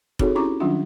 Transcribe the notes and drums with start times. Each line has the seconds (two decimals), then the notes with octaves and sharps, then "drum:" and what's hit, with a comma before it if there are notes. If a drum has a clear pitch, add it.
0.19 C4 D#4 F#4 G#4 A4 C#5, drum: kick F1
0.35 C#4 E4 G4 A#5 C#6 D6
0.60 D#3 F#3 G3 C#4 D4 F4